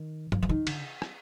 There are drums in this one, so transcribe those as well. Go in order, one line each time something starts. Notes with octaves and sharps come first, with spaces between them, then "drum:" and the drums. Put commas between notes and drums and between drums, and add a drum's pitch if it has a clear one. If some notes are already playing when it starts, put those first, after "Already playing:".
Already playing: D#3
F3, drum: tom G2
F3
D#3
D3, drum: cymbal
drum: rim click